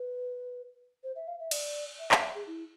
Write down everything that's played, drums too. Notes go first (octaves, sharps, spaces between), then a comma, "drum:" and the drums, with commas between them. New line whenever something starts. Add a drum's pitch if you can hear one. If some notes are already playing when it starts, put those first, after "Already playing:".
Already playing: B4
C5
E5
F5
E5
D5, drum: cymbal
E5
F5, drum: clap
E5
G#4
E4